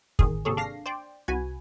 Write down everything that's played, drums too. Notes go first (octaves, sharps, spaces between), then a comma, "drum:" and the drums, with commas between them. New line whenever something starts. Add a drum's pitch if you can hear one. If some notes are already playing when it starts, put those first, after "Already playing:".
A1 D#3 G#4, drum: kick
G#1 C3 A#3 G#4 A4 C#5
D4 F5 A#6 C7
C5 D5 G5
C2 F#4 B4 G#5